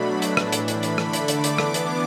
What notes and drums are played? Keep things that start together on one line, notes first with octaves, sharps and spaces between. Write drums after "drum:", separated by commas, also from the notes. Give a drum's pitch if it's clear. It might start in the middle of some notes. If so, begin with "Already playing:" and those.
Already playing: B2 F#3 A3 D4 B5
drum: hi-hat
A2 E3 D4, drum: rim click
drum: hi-hat
B5, drum: hi-hat
drum: hi-hat
D3 A3 D4, drum: rim click
drum: hi-hat
D6, drum: hi-hat
drum: hi-hat
E3 B3 D4 D6, drum: rim click
drum: hi-hat